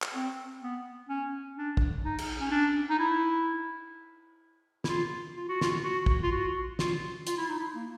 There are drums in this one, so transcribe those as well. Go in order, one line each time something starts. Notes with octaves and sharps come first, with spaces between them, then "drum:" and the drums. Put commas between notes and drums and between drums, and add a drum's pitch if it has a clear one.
drum: clap
C4
B3
C#4
D4
drum: kick
D#4
drum: cymbal
C#4
D4
D#4
E4
E4, drum: snare
F4
F4
F#4
F4, drum: snare
F#4
drum: kick
F4
F#4
F4, drum: snare
F4, drum: hi-hat
E4
D#4
E4
A#3